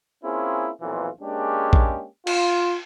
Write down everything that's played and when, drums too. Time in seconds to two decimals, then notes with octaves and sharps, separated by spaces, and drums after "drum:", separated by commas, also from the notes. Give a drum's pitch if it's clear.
0.24 A#3 C4 C#4 E4 F4 G#4
0.81 B1 F2 A#2 E3 F4
1.21 G#3 A#3 C#4 D4 G4 G#4
1.73 drum: kick A#1
2.27 F4, drum: cymbal